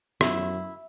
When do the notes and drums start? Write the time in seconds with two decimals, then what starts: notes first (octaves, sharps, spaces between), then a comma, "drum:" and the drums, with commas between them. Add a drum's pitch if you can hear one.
0.21 F#2 E4, drum: rim click